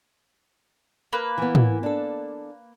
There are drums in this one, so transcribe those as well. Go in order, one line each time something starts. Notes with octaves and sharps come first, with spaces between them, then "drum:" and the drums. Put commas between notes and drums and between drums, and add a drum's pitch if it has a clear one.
A#3 B4
E3 B3
drum: tom
D4 A4